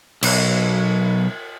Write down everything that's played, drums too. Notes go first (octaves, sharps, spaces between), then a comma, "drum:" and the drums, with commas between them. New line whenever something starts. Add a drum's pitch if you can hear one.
B1, drum: cymbal